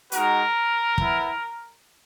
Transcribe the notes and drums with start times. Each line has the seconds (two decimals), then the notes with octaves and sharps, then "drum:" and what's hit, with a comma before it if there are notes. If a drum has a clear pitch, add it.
0.12 G#3 D#4 F#4 A#4, drum: hi-hat
0.98 B3 E4, drum: kick